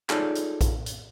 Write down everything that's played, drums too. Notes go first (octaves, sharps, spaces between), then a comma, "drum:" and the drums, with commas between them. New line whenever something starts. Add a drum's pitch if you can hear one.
D#4 F4 G#4 A4 C#5 D5, drum: clap
drum: hi-hat
drum: kick A#1, hi-hat
drum: hi-hat